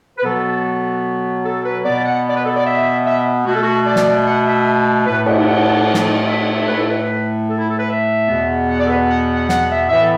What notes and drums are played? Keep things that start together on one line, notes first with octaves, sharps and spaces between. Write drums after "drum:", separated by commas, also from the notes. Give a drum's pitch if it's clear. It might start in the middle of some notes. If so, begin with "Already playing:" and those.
B4
B2 F#3 B3 A4
A4
B4
B2 B3 D5
F#5
D5
B4
A4
D5
E5
E5
B2 A3 F#4
A4
F#4
D5
drum: snare
F#5
E5
A2 A3 B4
F#5, drum: cymbal
F#5
drum: snare
E5
F#5
E5
A2 A3 B4
A4
B4
A4
E4
A4
B4
E5
E2 B2 B3
F#5
D5
A4
B4
F#5
F#5
F#5, drum: snare
E5
A2 E3 B3 E5
A4